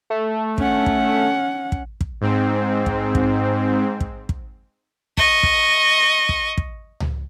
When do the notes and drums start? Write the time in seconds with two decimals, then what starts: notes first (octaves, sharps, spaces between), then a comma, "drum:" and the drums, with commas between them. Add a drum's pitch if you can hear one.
0.10 A3
0.58 C#4 F#5, drum: kick
0.86 drum: kick
1.72 drum: kick
2.01 drum: kick
2.21 G#2 C4
2.86 drum: kick
3.15 drum: kick
4.00 drum: kick
4.29 drum: kick
5.17 D#5 C#6, drum: kick
5.43 drum: kick
6.29 drum: kick
6.58 drum: kick
7.00 drum: tom C#2